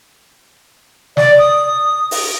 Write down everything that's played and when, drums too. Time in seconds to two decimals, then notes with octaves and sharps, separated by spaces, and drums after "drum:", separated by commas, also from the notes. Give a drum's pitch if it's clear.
1.17 D5, drum: snare
1.39 D#6
2.11 drum: open hi-hat